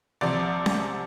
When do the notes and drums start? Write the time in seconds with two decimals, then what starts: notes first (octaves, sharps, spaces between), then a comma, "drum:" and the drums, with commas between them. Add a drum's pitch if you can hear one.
0.21 C2 C3 F3 D5
0.66 drum: snare C#4